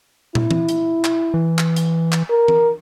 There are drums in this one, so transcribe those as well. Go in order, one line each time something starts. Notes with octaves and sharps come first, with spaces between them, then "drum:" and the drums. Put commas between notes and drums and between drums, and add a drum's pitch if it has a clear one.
E4, drum: tom
drum: tom E3
drum: hi-hat
drum: clap
E3
drum: clap
drum: hi-hat
drum: clap
A#4
drum: tom E3